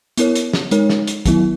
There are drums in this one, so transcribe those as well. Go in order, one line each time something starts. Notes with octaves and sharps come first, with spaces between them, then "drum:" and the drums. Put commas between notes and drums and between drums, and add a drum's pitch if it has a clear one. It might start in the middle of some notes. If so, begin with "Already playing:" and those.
B3 E4 A#4 C#5, drum: hi-hat
drum: hi-hat
drum: snare
G#3 D#4 A#4 C#5, drum: hi-hat
drum: snare
drum: hi-hat
D#3 F#3 B3 E4, drum: kick, hi-hat